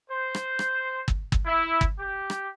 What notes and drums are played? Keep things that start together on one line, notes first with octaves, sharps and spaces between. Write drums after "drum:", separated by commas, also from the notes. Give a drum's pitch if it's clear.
C5
drum: rim click
drum: rim click
drum: kick
drum: kick
E4
drum: kick
G4
drum: rim click